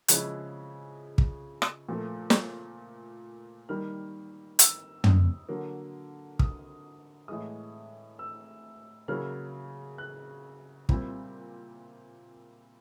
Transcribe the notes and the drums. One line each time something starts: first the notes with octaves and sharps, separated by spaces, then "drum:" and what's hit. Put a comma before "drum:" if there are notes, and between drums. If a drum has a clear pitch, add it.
C#3 F3 G#3 C#4 E4 F#6, drum: hi-hat
drum: kick
drum: rim click
A#2 F3 A3
drum: snare
D#3 G3 A#3 F6
E6, drum: hi-hat
D#6, drum: tom
D3 F#3 A#3
D#6, drum: kick
A2 E3 G#3 D#6
E6
C#3 F#3 A#3 C#4 E4 F6
F#6
A#2 G3 C4 E4, drum: kick